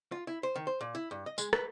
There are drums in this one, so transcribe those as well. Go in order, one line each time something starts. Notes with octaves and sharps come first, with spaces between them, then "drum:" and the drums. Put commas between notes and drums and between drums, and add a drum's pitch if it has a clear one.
F4
E4
C5
D#3
C5
A#2
E4
G2
D#5
G#3, drum: tambourine
B4, drum: rim click